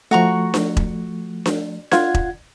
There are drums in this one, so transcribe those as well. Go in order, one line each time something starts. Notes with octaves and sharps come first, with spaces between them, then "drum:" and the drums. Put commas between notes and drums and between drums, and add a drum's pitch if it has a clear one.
F3 A3 F#4 A#5 C#6
drum: snare D4
drum: kick E1
drum: snare D4
F4 F#5 G#6, drum: snare D4
drum: kick E1